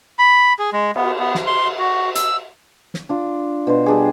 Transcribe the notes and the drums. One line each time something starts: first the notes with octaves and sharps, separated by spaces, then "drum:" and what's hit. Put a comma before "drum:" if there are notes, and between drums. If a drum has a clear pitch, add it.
B5
G#4
G#3
B3, drum: cymbal
B3
drum: snare
C6
F#4
E6, drum: hi-hat
drum: snare
D4 F4
B2 D4 C5
G3 D4 G#4